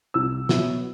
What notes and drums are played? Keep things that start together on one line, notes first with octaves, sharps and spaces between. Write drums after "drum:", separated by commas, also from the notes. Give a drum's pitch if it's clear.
C2 E6
B2 F#3 B3 E4, drum: snare